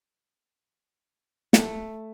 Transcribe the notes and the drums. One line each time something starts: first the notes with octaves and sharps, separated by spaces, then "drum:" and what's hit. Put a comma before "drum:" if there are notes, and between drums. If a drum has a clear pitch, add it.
A3, drum: snare